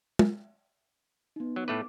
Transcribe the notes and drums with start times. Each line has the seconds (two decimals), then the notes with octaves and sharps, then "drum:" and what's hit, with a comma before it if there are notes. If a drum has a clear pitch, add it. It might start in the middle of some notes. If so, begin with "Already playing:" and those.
0.19 drum: tom
1.36 B3 D#4
1.56 F#3
1.68 A2 A3 B4 D6